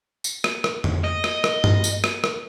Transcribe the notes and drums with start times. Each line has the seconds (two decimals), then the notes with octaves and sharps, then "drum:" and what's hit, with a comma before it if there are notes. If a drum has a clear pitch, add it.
0.24 drum: tambourine
0.44 drum: rim click
0.64 drum: rim click
0.84 drum: tom F2
1.04 D#5
1.24 drum: rim click
1.44 drum: rim click
1.64 drum: tom G2
1.84 drum: tambourine
2.04 drum: rim click
2.24 drum: rim click